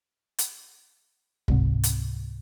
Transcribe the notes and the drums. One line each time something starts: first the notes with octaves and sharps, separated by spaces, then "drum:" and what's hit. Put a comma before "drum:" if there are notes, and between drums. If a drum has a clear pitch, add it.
drum: hi-hat
C#2 G#2 C3, drum: kick
drum: hi-hat